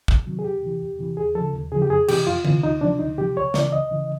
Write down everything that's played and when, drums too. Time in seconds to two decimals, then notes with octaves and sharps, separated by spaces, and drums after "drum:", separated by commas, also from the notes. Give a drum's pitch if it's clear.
0.08 C#2, drum: kick
0.26 C3 D#3 F#3
0.39 G#4
0.44 E2 G4
0.62 C3 E3
0.81 E2
0.99 C3 E3
1.17 D#2 G#4
1.35 C#3 F3 A4
1.53 D#2
1.72 C#3 F3 G#4
1.82 G4
1.90 F2 G#4
2.08 C3 E3 G4, drum: cymbal
2.27 F2 F4
2.45 C3 E3, drum: tom D3
2.63 D2 D#4
2.81 C3 F3 D4
2.99 D2 D#4
3.18 C3 F3 G4
3.37 C#2 C#5
3.54 C#3 E3 D5, drum: snare
3.72 C#2 D#5
3.91 C#3 E3